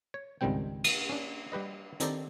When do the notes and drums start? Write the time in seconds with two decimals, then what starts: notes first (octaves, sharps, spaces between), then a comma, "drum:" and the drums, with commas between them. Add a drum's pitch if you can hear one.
0.14 C#5
0.41 G#1 C#2 D#3 G3 C4 G5
0.84 drum: cymbal
1.09 C#4 D4
1.52 G3 G4 B4 D#5
2.00 D#3 C4 D#4 G4 A4 D5, drum: hi-hat